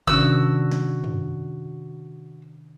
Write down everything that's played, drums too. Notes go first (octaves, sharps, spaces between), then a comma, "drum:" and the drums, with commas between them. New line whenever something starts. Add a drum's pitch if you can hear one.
C3 D#3 C#4 D4 F#4 E6, drum: kick G1
drum: snare
drum: tom